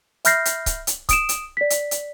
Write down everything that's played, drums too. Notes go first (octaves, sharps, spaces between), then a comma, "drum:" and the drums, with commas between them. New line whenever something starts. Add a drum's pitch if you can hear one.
E5 B5 F6 G6 A#6 C7, drum: hi-hat
drum: hi-hat
drum: kick C#1, hi-hat
drum: hi-hat
D#6 D7 E7, drum: kick C#1, hi-hat
drum: hi-hat
D5 B6
drum: hi-hat
drum: hi-hat